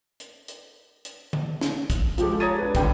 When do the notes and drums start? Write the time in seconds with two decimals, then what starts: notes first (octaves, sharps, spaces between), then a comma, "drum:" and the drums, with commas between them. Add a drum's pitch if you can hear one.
0.20 drum: hi-hat
0.48 drum: hi-hat
1.05 drum: hi-hat
1.33 drum: tom
1.61 drum: snare
1.90 drum: kick, hi-hat
2.18 F3 G#3 G4 A4, drum: hi-hat
2.40 C#5 A#5 D#6 G#6 A6 D#7
2.58 D4 B4
2.75 D3 G3 G5 B5, drum: kick, hi-hat